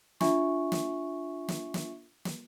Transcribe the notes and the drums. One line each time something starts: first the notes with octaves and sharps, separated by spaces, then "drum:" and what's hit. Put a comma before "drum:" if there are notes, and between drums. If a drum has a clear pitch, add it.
D4 F4 E5 G#5 C#6, drum: snare
drum: snare
drum: snare
drum: snare
drum: snare